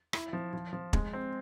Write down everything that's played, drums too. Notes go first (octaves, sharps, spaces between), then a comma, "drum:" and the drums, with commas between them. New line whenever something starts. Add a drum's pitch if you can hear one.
E4, drum: rim click
F3
F3
F3
G#3, drum: kick
C4